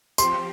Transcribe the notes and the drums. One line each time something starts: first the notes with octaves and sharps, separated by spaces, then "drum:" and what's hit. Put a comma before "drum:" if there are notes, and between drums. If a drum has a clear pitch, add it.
F3 C4 G4 C6, drum: tambourine